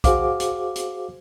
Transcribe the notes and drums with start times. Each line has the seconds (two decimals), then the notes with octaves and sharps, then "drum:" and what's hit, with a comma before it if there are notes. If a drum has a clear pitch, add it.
0.04 F#4 G#4 C5 F5 D6, drum: kick B1, hi-hat
0.40 drum: hi-hat
0.76 drum: hi-hat